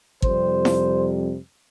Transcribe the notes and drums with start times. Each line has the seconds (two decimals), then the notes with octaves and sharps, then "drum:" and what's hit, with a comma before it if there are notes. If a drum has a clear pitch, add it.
0.22 F2 C3 G3 C5, drum: kick
0.65 drum: snare E4